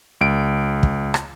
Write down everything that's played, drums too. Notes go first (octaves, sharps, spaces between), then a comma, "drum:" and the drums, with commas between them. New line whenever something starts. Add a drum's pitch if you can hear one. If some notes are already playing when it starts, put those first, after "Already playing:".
C#2 D7
drum: kick
drum: rim click